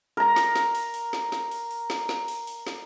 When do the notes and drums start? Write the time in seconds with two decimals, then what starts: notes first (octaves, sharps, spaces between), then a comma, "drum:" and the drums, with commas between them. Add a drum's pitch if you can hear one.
0.17 A#4 A#5
0.36 drum: snare
0.55 drum: snare
0.75 drum: open hi-hat
0.94 drum: open hi-hat
1.13 drum: snare
1.32 drum: snare
1.51 drum: open hi-hat
1.71 drum: open hi-hat
1.90 drum: snare
2.09 drum: snare
2.28 drum: open hi-hat
2.47 drum: open hi-hat
2.67 drum: snare